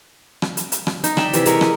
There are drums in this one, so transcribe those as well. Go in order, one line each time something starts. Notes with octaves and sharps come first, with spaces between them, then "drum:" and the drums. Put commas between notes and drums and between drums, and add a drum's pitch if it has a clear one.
drum: rim click
drum: hi-hat
drum: hi-hat
drum: rim click
D#4, drum: hi-hat
D5 E5 G5, drum: rim click
C3 E3 E4, drum: hi-hat
G#3 A#4 C#6, drum: hi-hat
D#5, drum: rim click